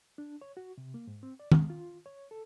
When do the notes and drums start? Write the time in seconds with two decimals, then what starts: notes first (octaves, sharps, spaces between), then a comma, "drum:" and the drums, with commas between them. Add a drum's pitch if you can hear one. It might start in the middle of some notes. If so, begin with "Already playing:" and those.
0.18 D4
0.41 C#5
0.57 F#4
0.78 C3
0.94 A#3
1.07 G#2
1.23 C4
1.40 D5
1.52 G#3, drum: tom
1.70 F4
2.06 C#5
2.31 A4